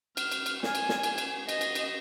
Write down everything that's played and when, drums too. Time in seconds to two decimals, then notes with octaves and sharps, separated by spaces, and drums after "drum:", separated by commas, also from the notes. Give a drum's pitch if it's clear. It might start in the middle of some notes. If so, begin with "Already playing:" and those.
0.17 F6, drum: cymbal
0.32 drum: cymbal
0.46 drum: cymbal
0.63 G#5, drum: snare
0.75 drum: cymbal
0.89 drum: snare
1.03 drum: cymbal
1.18 drum: cymbal
1.49 D#5, drum: cymbal
1.61 drum: cymbal
1.75 drum: cymbal